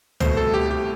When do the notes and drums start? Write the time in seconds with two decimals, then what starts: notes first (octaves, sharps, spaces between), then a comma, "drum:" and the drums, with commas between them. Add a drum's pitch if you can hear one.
0.20 C2 B2 A3 C5, drum: tom
0.37 A4
0.54 G4
0.71 G4